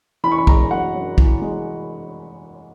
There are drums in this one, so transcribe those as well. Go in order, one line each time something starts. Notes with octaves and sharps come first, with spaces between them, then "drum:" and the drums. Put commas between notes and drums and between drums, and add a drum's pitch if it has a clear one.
E3 B5
C#6
B5
G#3 A#5, drum: kick
F#2 F#5
F#2
E3, drum: kick
G#3